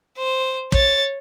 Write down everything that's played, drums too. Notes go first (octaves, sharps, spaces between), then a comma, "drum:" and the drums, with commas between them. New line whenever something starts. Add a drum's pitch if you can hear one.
C5
C#5 A6, drum: kick